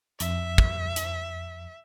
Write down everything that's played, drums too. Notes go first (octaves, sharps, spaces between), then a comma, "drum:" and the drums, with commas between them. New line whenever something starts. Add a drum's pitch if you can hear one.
F2 E5, drum: hi-hat
drum: kick
drum: hi-hat